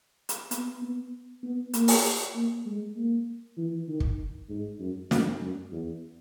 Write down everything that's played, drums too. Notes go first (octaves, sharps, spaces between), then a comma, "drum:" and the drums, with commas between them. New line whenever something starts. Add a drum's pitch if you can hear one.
drum: hi-hat
B3, drum: hi-hat
B3
B3
A#3, drum: hi-hat
drum: open hi-hat
A#3
G#3
A#3
E3
D#3
drum: kick
G#2
F#2
F#2, drum: snare
F#2
E2